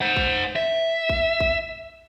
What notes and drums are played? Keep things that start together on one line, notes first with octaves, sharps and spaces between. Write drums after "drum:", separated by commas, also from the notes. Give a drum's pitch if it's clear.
C5 F#5
drum: kick A1
E5
drum: kick A1
drum: kick A1